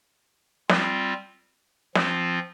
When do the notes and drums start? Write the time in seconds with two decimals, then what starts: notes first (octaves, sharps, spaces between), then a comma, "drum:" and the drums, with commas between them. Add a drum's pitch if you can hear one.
0.69 G3 C4 F4, drum: snare
1.95 F3 C4 F4, drum: snare